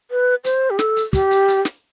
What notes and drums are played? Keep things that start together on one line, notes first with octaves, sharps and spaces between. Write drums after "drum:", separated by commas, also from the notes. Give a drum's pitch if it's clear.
B4
C5, drum: hi-hat
G4
A4, drum: snare
drum: hi-hat
G4, drum: kick, hi-hat
drum: hi-hat
drum: hi-hat
drum: snare